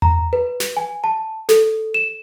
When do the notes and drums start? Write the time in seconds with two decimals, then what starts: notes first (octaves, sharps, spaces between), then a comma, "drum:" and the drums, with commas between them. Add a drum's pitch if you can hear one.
0.02 A#5, drum: tom E2
0.33 B4
0.60 drum: snare
0.77 G#5
1.04 A5
1.49 A4, drum: snare
1.94 E7